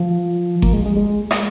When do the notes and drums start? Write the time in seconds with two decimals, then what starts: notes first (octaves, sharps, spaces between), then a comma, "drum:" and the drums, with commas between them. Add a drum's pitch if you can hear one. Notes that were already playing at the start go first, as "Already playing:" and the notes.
Already playing: F3
0.62 A#3, drum: kick G1
0.73 G#3
0.85 G#3
0.97 G#3
1.31 A#3, drum: rim click